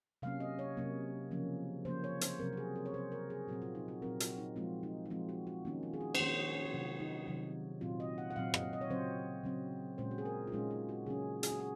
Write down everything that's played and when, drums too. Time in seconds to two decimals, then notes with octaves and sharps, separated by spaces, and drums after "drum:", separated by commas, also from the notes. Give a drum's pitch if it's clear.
0.22 C3 F#3 A#3 C#4 F5
0.40 D#5
0.59 C#5
0.77 C3 F#3 A#3 C#4
1.31 C#3 F3 A#3 C#4
1.85 C#3 F3 A#3 C#4 C5
2.04 C#5
2.21 C5, drum: hi-hat
2.39 C3 F#3 C4 A#4
2.53 F#4
2.57 G#4
2.76 A#4
2.86 C#5
2.93 C3 F#3 C4 C5
3.12 A#4
3.30 G#4
3.48 A#2 F#3 C4 F#4
3.62 F4
3.75 D#4
3.88 F#4
4.02 A#2 F#3 C4 A#4
4.20 F#4, drum: hi-hat
4.38 D#4
4.56 F3 G#3 C4 F4
4.83 D#4
5.06 D#4
5.10 F3 G#3 C4 F4
5.29 F#4
5.47 F#4
5.65 D#3 A#3 C#4 D#4
5.83 F4
5.93 G#4
6.01 F#4
6.15 C5, drum: cymbal
6.19 D#3 A#3 C#4 C#5
6.37 C#5
6.55 C#5
6.65 F#4
6.73 C3 D#3 F#3 F4
7.00 D#4
7.27 C3 D#3 F#3
7.81 A#2 F#3 C4 F4
8.00 D#5
8.18 F#5
8.30 F#5
8.36 A#2 F#3 C4 F5
8.54 D#5, drum: rim click
8.73 D#5
8.81 C#5
8.90 C#3 F#3 C4 C5
9.44 C#3 F#3 C4
9.98 A#2 G#3 C#4 C5
10.11 F#4
10.18 G#4
10.25 A#4
10.47 F4
10.52 A#2 G#3 C#4 D#4
10.71 F4
10.89 F#4
11.06 C#3 F#3 A#3 C#4 G#4
11.43 G#4, drum: hi-hat
11.52 F#4
11.60 G#4